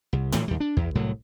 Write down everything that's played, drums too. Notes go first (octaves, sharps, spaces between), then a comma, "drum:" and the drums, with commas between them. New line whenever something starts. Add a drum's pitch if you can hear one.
C2
A2 E3 F3, drum: tom A2
D#2 G3
D4
E2, drum: kick
C2 A2 F#3